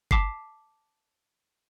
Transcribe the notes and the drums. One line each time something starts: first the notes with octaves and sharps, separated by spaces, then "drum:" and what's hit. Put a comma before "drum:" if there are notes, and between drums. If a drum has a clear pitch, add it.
A5 D6 B6 C7, drum: kick